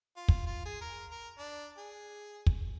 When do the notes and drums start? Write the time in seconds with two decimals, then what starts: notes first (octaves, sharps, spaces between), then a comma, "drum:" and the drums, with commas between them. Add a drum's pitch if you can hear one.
0.17 F4
0.28 drum: kick
0.46 F4
0.66 G#4
0.82 A#4
1.11 A#4
1.39 D4
1.78 G#4
2.46 drum: kick